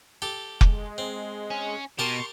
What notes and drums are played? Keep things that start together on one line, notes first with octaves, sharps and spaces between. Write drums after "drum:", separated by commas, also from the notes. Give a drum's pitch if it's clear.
G4 A4
G#3, drum: kick F1
C4
C#4
B2 G4 A#4 A5 C6 C#6